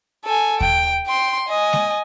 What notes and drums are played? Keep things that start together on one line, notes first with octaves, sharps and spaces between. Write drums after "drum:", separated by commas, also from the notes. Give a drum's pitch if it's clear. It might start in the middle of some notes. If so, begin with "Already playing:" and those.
A4 G#5
G5, drum: kick D#2
G5 C6
D#5 G#5
drum: snare G#3